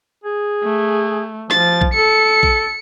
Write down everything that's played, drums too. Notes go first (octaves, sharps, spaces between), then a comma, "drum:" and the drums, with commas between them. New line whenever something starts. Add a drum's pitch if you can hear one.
G#4
A3
F3 A6, drum: snare
drum: kick A#1
A4 C#7
drum: kick A#1